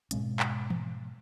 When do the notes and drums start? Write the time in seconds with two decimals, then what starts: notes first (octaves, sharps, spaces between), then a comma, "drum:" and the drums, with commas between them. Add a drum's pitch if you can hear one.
0.11 G#2 B2 G#3 C#4, drum: hi-hat
0.40 drum: clap
0.70 drum: tom E3